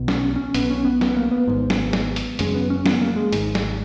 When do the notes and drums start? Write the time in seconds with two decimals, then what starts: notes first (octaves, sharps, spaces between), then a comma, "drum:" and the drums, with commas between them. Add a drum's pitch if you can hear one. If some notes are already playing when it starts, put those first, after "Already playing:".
Already playing: B1 B2
0.08 C#4, drum: snare
0.36 C#4
0.54 B1 B2 B3, drum: hi-hat
0.70 C#4
0.85 B3
1.01 B3, drum: snare
1.17 A#3
1.31 B3
1.48 G#1 G#2
1.70 drum: snare
1.93 drum: snare
2.16 drum: hi-hat
2.39 F#1 F#2 C#3 G#3, drum: hi-hat
2.55 B3
2.70 C#4
2.86 B3, drum: snare
3.01 A#3
3.16 G#3
3.33 G#1 G#2, drum: hi-hat
3.55 drum: snare